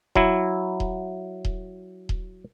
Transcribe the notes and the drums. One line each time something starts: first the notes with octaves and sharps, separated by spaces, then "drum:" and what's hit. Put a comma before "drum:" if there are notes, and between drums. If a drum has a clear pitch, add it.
F#3 E4, drum: kick D#1
drum: kick D#1
drum: kick D#1
drum: kick D#1